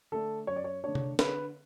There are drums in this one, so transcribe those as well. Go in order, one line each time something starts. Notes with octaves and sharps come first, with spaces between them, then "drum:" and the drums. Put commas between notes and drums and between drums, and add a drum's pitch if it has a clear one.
D3 A3 D4 A4
F#2 C#5
D5
C#5
D3 A3 D4 C#5
drum: tom C3
D3 B4, drum: snare